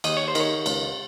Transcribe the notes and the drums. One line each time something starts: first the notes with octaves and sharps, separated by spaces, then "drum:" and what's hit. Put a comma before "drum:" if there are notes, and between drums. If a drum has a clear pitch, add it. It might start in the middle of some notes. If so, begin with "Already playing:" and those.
D#2 D#5, drum: cymbal
C#5
C5
D#3 C#5, drum: cymbal
C#2, drum: cymbal